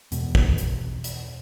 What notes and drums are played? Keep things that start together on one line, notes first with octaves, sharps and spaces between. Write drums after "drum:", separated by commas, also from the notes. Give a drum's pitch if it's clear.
E2 B2, drum: hi-hat
drum: kick
drum: hi-hat
drum: hi-hat